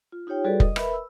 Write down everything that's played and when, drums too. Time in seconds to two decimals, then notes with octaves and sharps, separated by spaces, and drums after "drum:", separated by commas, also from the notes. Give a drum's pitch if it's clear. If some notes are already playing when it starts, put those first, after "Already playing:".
0.12 F4
0.27 D#4 F4 G4 C#5 G5
0.44 G3 F#4 G#4 A4 B4 D5
0.60 D#5 D#6, drum: kick F1
0.76 A#4 B4 E5 B5, drum: rim click
0.93 E6